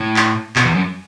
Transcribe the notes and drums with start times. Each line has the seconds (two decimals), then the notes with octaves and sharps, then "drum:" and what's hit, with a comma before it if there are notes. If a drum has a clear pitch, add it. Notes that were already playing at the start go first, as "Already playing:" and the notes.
Already playing: A2
0.16 drum: clap
0.56 B2, drum: clap
0.65 E2
0.74 F#2